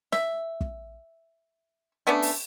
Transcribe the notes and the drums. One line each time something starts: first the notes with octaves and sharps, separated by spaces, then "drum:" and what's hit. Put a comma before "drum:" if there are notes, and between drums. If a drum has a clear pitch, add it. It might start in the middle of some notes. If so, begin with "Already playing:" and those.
E5, drum: snare
drum: kick
A3 B3 C#4 D4
drum: open hi-hat